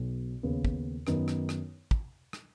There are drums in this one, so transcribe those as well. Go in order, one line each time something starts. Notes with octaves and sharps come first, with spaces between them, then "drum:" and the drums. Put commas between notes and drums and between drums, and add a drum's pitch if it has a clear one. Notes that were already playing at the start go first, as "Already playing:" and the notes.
Already playing: B1 B2 B3
D#2 C#3 B3
drum: kick
F#2 D#3 B3 D#4, drum: rim click
drum: rim click
drum: rim click
drum: kick
drum: rim click